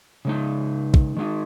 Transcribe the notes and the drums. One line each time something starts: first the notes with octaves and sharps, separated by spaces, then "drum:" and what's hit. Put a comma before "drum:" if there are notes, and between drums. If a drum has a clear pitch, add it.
C#3 G#3 D#4
drum: kick
D#3 G#3 D#4